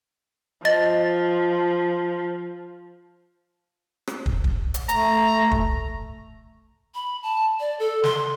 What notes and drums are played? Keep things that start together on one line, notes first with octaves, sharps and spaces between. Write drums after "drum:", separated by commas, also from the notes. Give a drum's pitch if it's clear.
F3 D#5 A6
drum: rim click
drum: kick
drum: kick
drum: hi-hat
A3 A#5, drum: hi-hat
drum: kick
B5
A5
D5
A4
C6, drum: snare